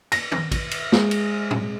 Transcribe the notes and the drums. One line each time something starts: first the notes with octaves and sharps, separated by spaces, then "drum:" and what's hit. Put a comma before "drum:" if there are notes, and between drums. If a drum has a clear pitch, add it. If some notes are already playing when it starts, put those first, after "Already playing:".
A#6, drum: cymbal
drum: tom
drum: kick, cymbal
drum: cymbal
G#3, drum: snare
drum: cymbal
drum: tom A2